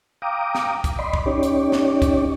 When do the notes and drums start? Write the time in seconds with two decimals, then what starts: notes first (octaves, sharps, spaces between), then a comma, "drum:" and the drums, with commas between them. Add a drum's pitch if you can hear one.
0.22 F5 G5 A#5 D6 D#6
0.55 drum: snare
0.84 drum: kick C2, hi-hat
0.99 D5 D#5 B5 C6
1.13 drum: kick C2
1.26 C#4 D#4 G4 C#5 D5
1.43 drum: hi-hat
1.72 drum: snare
2.02 drum: kick C2, hi-hat